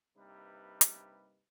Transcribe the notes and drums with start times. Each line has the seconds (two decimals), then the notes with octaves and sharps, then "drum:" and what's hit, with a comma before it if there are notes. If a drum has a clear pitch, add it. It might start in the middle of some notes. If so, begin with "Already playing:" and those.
0.17 G2 C3 G3 A#3 D#4 B4
0.81 drum: hi-hat